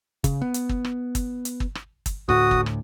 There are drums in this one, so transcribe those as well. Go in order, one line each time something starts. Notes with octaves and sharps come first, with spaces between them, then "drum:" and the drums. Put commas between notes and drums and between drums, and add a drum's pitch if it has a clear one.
C#3, drum: kick, hi-hat
B3
drum: hi-hat
drum: kick
drum: rim click
drum: kick, hi-hat
drum: hi-hat
drum: kick
drum: rim click
drum: kick, hi-hat
D2 A2 F#4 D#6
drum: kick
drum: rim click